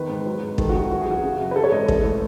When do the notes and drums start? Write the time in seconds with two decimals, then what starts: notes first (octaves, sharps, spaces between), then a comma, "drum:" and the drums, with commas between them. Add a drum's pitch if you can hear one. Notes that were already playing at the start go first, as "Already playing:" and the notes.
Already playing: E2 D#3 B4
0.09 G#2
0.26 F#3
0.43 G#2
0.58 D#3 A4, drum: kick
0.69 F#4
0.74 F#2 G#4
0.91 E3 F#4
1.01 G#4
1.07 F#2 F#4
1.23 C#3
1.40 F#2
1.51 B4
1.56 E3 A4
1.64 C#5
1.72 G#2 D#5
1.80 C#5
1.88 E3 A4, drum: kick
2.04 A2